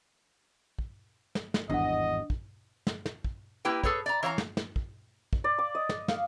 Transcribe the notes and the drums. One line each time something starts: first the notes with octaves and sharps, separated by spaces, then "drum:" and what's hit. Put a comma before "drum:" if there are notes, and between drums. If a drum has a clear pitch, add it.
drum: kick
drum: snare
drum: snare
G#1 E2 G2 D4 D#5 F#5 D#6
drum: kick
drum: snare
drum: snare
drum: kick
A#3 E4 G4 B4 G5
G#4 A4 B4 C#5, drum: kick
D5 A#5
E3 C#5 F5 A#5
drum: snare
drum: snare
drum: kick
drum: kick
D5
D6
D#5
drum: snare
F5, drum: snare